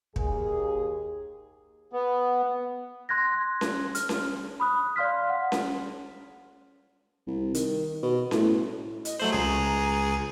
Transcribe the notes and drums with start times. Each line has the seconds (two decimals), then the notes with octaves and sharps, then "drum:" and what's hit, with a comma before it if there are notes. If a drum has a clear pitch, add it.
0.16 D#2 G#4, drum: kick
1.93 B3
3.09 C6 F#6 G#6 A#6
3.61 drum: snare C#4
3.95 F6, drum: hi-hat
4.09 drum: snare C#4
4.60 B5 D#6 F#6
4.96 D5 F5 C6 F6 B6
5.29 F#5
5.52 drum: snare C#4
7.27 C2
7.54 D#3, drum: hi-hat
8.03 B2
8.31 A2, drum: snare C#4
9.05 D#5, drum: hi-hat
9.20 F#3 A3 C5 F#7
9.32 C#2 G#4 A#5